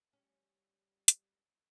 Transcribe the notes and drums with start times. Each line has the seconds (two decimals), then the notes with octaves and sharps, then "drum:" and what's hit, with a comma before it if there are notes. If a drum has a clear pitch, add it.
0.13 G3 C#4
1.08 drum: hi-hat